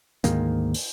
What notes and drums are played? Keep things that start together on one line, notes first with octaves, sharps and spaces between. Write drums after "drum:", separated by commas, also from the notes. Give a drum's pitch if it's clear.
D2 G#2 D#3 A#3, drum: hi-hat
drum: open hi-hat